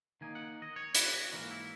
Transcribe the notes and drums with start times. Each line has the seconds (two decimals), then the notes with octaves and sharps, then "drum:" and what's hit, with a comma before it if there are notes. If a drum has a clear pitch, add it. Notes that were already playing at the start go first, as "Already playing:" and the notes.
0.21 D#3 A#3 D#4 G#5
0.35 F#5
0.62 D#5
0.76 C#5
0.95 B4, drum: hi-hat
1.14 F#4
1.32 G#2 E3 A#3 F#4
1.51 E4